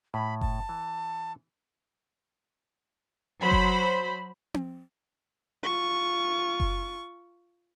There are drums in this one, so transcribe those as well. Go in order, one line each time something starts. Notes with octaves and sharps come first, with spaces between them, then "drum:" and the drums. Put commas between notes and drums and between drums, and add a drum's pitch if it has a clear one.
A2 B5
A5, drum: kick F#1
E3
F#3 C5 B5
drum: kick F#1
drum: tom C4
F4 C#6
drum: kick F#1